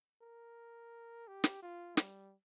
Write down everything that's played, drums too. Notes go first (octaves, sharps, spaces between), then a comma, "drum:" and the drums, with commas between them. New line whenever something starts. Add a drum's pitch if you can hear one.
A#4
G4
drum: snare
F4
G3, drum: snare